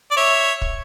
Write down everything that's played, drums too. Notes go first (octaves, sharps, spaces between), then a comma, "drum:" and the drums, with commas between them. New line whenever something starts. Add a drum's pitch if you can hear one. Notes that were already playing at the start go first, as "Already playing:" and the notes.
D5
C#5 E5
drum: kick